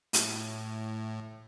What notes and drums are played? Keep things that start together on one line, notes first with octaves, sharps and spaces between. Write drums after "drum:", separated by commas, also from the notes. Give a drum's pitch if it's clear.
A2, drum: hi-hat